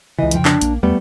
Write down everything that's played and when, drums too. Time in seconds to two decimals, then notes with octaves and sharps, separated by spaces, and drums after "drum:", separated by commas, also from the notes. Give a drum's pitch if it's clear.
0.19 C#2 C#3 E3 D#5
0.31 F2 F3 G5, drum: hi-hat
0.45 D4, drum: clap
0.61 A#1 A#3, drum: hi-hat
0.83 E2 G3 A3 B3